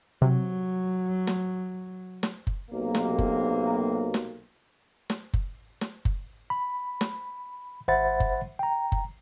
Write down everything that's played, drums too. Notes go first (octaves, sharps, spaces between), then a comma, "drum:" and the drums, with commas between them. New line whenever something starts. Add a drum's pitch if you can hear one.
C3 F#3
drum: snare
drum: snare
drum: kick F#1
B1 C3 A#3
drum: snare
drum: kick F#1
drum: snare
drum: snare
drum: kick F#1
drum: snare
drum: kick F#1
B5
drum: snare
G#1 C5 E5 F#5 B5 A6
drum: kick F#1
G5 A#5
drum: kick F#1